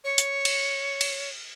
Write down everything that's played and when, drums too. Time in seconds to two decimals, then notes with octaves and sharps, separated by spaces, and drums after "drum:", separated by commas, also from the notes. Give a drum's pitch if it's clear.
0.04 C#5
0.18 drum: hi-hat
0.45 drum: cymbal
1.01 drum: cymbal